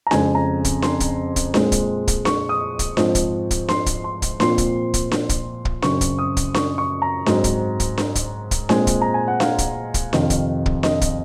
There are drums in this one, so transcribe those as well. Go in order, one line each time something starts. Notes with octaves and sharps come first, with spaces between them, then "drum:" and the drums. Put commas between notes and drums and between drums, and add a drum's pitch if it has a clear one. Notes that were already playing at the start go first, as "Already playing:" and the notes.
A#5
F2 C#3 G#3 G#5, drum: snare D4
A#5
drum: kick, hi-hat
C6, drum: snare D4
drum: kick, hi-hat
drum: kick, hi-hat
A#2 G#3 C4, drum: snare D4
drum: kick, hi-hat
drum: kick, hi-hat
C#6, drum: snare D4
D#6
drum: kick, hi-hat
G#2 F3 C4, drum: snare D4
drum: kick, hi-hat
drum: kick, hi-hat
C6, drum: snare D4
drum: kick, hi-hat
C6
drum: kick, hi-hat
A#2 F3 C4 C6, drum: snare D4
drum: kick, hi-hat
drum: kick, hi-hat
drum: snare D4
drum: kick, hi-hat
drum: kick
F#2 C#3 F#3 C4 C#6, drum: snare D4
drum: kick, hi-hat
D#6
drum: kick, hi-hat
C#6, drum: snare D4
C#6
A#5
G#2 F#3 C4, drum: snare D4
drum: kick, hi-hat
drum: kick, hi-hat
drum: snare D4
drum: kick, hi-hat
drum: kick, hi-hat
A#2 G#3 C4 G#5, drum: snare D4
drum: kick, hi-hat
A#5
G#5
F#5
F5, drum: snare D4
drum: kick, hi-hat
drum: kick, hi-hat
F2 C3 D#3, drum: snare D4
drum: kick, hi-hat
drum: kick
D#5, drum: snare D4
drum: kick, hi-hat